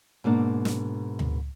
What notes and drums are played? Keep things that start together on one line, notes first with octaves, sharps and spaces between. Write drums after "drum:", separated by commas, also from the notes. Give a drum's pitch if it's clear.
G#2 B2 A#3 D4
drum: snare
drum: tom D2